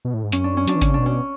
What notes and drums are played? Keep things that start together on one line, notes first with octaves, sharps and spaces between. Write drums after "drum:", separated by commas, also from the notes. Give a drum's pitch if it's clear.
B2
A2
G#2
F#2 C#4, drum: hi-hat
D4
C#4
F#3 D4, drum: hi-hat
E3
D3 C#4, drum: kick G#1, hi-hat
C#3
B2 D4
C#4